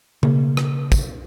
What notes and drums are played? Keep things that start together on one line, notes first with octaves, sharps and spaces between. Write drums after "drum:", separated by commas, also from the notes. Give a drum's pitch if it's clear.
C#3 A#3, drum: tom B2
drum: rim click
drum: kick, tambourine